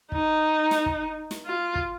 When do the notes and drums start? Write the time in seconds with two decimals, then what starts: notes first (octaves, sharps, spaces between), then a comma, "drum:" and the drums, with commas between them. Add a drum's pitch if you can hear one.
0.12 D#4, drum: kick
0.71 drum: snare
0.86 drum: kick
1.31 drum: snare
1.46 F4
1.75 drum: kick